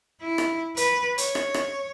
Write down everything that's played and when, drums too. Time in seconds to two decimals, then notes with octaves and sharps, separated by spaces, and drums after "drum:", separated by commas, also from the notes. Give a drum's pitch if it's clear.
0.22 E4
0.38 drum: rim click
0.77 B4, drum: hi-hat
1.18 C#5, drum: hi-hat
1.35 drum: rim click
1.54 drum: rim click